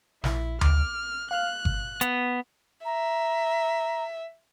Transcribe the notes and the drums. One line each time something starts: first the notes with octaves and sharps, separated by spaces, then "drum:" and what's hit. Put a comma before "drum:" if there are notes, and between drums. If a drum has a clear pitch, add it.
A#1 E4, drum: snare
D6 F6, drum: tom D2
F5 F6 F#6
drum: kick G1
B3, drum: hi-hat
E5 A#5